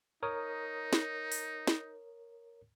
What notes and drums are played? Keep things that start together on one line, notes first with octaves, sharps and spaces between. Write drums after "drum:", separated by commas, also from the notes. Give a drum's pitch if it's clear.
D#4 A#4 C#5 D#6
drum: snare
drum: open hi-hat
drum: snare